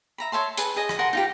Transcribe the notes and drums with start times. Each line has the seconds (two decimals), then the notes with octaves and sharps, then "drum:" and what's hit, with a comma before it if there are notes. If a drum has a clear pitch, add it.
0.18 E5 A#5 B5
0.32 C#5 E5 A5 C6
0.57 G#4 B4 A5, drum: hi-hat
0.76 G#4 D#5
0.89 drum: rim click
0.99 A#4 F#5 A5 C6
1.13 D#4 F4 G4